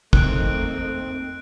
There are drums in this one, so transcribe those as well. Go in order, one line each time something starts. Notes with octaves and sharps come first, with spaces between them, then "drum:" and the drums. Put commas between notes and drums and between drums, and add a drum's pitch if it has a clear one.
E2 A3 A#3 C4 D#4 F#6 D7, drum: kick